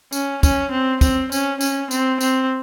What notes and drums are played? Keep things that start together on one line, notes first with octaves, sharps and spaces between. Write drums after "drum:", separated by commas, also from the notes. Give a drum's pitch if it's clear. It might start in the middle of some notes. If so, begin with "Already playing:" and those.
C#4, drum: tambourine
C#4, drum: kick, tambourine
C4
C4, drum: kick, tambourine
C#4, drum: tambourine
C#4, drum: tambourine
C4, drum: tambourine
C4, drum: tambourine